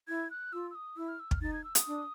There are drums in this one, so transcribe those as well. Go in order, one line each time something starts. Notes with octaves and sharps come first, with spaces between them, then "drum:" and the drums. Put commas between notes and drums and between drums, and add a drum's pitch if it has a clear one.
E4 G#6
F#6
F4 E6
E6
D#6
E4 E6
F6
E6
F6, drum: kick
D#4 A6
G#6
E6
D#6, drum: hi-hat
D4